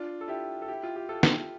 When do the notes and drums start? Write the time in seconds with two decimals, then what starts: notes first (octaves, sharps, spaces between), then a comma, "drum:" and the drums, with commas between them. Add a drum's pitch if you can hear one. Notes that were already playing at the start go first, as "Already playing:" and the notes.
Already playing: D4 F4
0.21 A4
0.28 E4 G4
0.62 A4
0.68 E4 G4
0.83 F4
0.96 G4
1.09 F4 A4
1.23 drum: snare